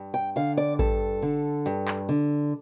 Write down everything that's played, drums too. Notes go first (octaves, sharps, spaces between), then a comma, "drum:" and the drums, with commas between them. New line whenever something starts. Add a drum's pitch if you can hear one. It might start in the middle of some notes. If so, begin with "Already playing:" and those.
Already playing: G2
G5
D3 F5
D5
G2 A4, drum: kick A1
D3
G2
drum: clap
D3